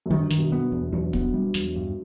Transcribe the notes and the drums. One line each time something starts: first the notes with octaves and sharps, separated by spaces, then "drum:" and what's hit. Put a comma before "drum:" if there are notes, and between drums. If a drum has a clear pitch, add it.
F#2
G2 D#3
D#3, drum: snare
B2
B3
E2
E2 F#3
B3, drum: kick
G3
E2, drum: snare
G2